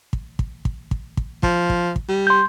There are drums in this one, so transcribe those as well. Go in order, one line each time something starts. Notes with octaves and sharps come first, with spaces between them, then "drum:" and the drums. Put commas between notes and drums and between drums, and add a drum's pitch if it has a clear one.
drum: kick
drum: kick
drum: kick
drum: kick
drum: kick
F3, drum: kick
drum: kick
drum: kick
G3
C6 G6